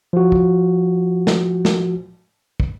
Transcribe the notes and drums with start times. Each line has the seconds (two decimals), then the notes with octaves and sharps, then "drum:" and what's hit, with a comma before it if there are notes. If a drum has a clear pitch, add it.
0.13 F3 F#4
0.32 drum: kick
1.27 drum: snare
1.65 drum: snare
2.60 drum: kick